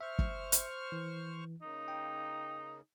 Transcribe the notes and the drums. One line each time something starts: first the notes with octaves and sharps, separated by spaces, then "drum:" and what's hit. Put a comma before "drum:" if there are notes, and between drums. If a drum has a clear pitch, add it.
C5 E5 C#6 F6
drum: kick
drum: hi-hat
E3
C#3 A#3 D#4
G5